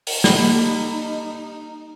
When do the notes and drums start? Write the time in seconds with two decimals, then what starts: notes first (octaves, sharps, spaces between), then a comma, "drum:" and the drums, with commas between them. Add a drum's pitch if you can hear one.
0.07 drum: open hi-hat
0.24 G3 A#3 D#4 A4 B5, drum: snare